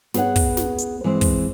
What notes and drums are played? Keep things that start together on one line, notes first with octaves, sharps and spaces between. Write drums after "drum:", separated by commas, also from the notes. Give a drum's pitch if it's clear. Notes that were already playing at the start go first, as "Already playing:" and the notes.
B3 G#4 B4 C#5 F#5, drum: snare
drum: kick, open hi-hat
drum: snare
drum: hi-hat
E3 G#3 C4 G#4
drum: kick, open hi-hat